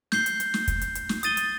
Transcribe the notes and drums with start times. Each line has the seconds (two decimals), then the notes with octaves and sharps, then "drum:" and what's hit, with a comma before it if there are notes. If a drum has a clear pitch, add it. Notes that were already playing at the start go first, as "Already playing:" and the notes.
0.12 G6 C7 G7, drum: snare
0.26 drum: hi-hat
0.40 drum: hi-hat
0.54 drum: snare
0.68 drum: kick, hi-hat
0.81 drum: hi-hat
0.95 drum: hi-hat
1.09 drum: snare
1.23 D#6 A6 D#7 G7, drum: hi-hat
1.37 drum: hi-hat